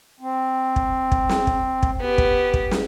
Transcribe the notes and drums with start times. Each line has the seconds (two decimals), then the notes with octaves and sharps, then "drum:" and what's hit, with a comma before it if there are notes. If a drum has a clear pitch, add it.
0.20 C4
0.76 drum: kick
1.12 drum: kick
1.29 drum: snare
1.47 drum: kick
1.83 drum: kick
2.00 B3 G4
2.18 drum: kick
2.54 drum: kick
2.71 drum: snare